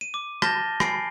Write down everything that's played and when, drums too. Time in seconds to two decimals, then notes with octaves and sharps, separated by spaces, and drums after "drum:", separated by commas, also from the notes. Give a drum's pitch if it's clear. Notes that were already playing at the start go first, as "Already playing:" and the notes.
0.01 D#7
0.14 D6
0.42 A5 F6 G6 A6 A#6 G7, drum: rim click
0.80 G#5 B5 C7 D7, drum: rim click